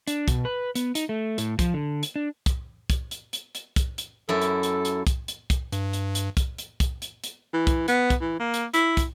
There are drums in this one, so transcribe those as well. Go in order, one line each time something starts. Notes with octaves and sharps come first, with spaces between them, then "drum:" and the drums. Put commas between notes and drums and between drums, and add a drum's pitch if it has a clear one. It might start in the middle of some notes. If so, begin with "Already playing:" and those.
D4, drum: hi-hat
B2, drum: kick, hi-hat
B4
B3, drum: hi-hat
D#4, drum: hi-hat
A3
A2, drum: hi-hat
F3, drum: kick, hi-hat
D3
drum: hi-hat
D4
drum: kick, hi-hat
drum: kick, hi-hat
drum: hi-hat
drum: hi-hat
drum: hi-hat
drum: kick, hi-hat
drum: hi-hat
F#2 E4 A4
drum: hi-hat
drum: hi-hat
drum: hi-hat
drum: kick, hi-hat
drum: hi-hat
drum: kick, hi-hat
G2, drum: hi-hat
drum: hi-hat
drum: hi-hat
drum: kick, hi-hat
drum: hi-hat
drum: kick, hi-hat
drum: hi-hat
drum: hi-hat
E3
drum: kick, hi-hat
B3, drum: hi-hat
drum: kick, hi-hat
E3
A#3
drum: hi-hat
E4, drum: hi-hat
drum: kick, hi-hat